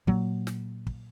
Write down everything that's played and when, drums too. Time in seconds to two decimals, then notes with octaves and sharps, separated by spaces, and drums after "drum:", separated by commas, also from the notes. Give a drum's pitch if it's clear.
0.07 A#2 F#3 A#3, drum: kick
0.47 drum: snare
0.87 drum: kick